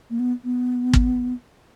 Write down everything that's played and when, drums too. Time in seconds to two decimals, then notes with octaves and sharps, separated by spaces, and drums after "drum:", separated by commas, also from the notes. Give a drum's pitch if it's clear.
0.10 A#3
0.19 B3
0.44 B3
0.93 drum: kick